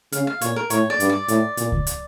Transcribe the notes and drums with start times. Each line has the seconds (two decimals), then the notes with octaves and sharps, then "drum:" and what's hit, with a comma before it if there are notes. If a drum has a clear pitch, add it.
0.12 C#3 F5, drum: hi-hat
0.27 F5
0.41 A#2 C#5, drum: hi-hat
0.56 A#4
0.70 A2 C#5, drum: hi-hat
0.90 D5
1.00 G2, drum: hi-hat
1.09 D5
1.28 A2, drum: hi-hat
1.57 A#2, drum: hi-hat
1.72 drum: kick C#2
1.87 drum: hi-hat